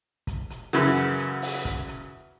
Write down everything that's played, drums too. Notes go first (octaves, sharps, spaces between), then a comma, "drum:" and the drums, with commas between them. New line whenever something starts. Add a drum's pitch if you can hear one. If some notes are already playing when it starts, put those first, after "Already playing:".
drum: kick, hi-hat
drum: hi-hat
F#2 C#3 E3 F#3, drum: hi-hat
drum: hi-hat
drum: hi-hat
drum: open hi-hat
drum: kick, hi-hat
drum: hi-hat